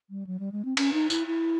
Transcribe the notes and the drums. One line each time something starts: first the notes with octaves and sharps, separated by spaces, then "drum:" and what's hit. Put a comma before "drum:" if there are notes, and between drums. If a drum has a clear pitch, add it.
G3
F#3
G3
G#3
C4
C#4, drum: cymbal
D#4
E4, drum: tambourine
E4